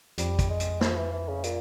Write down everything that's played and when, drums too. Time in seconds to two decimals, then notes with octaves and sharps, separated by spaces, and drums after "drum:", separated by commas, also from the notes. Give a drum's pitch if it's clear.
0.18 F2 G3, drum: hi-hat
0.39 drum: kick, hi-hat
0.49 G#3
0.60 drum: hi-hat
0.81 F3, drum: snare
0.96 E3
1.12 E3
1.28 C#3
1.44 A#2, drum: hi-hat